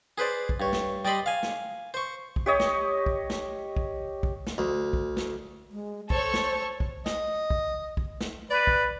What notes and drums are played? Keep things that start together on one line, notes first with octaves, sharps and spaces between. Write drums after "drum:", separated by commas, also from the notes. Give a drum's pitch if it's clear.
G#4 B4 C5 D5
drum: kick
G2 C#5
drum: snare
G3 D5 D#5 B5 C6
F5 G#5
drum: snare
C5 C#6
drum: kick
G4 C#5 D#5
drum: snare
drum: kick
drum: snare
drum: kick
drum: kick
drum: snare
D2
drum: kick
drum: snare
G#3
A4 C5 C#5 C#6, drum: kick
drum: snare
drum: kick
D#5, drum: snare
drum: kick
drum: kick
drum: snare
B4 D5
drum: kick